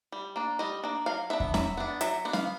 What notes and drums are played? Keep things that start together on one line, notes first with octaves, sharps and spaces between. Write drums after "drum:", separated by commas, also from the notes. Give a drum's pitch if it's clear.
G3
A#3 D4
G3 D#5
A#3 D4
F#3 F5
B3 D4 E5
drum: kick E2
F#3 E5, drum: snare
B3 D4
F#3 E5, drum: hi-hat
B3 D4
F5, drum: snare